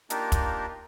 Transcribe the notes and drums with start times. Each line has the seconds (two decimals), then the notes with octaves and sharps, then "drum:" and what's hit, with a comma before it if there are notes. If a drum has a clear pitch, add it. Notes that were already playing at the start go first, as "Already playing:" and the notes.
0.10 A#3 D4 D#4 F4 G4 A#4, drum: hi-hat
0.32 drum: kick, hi-hat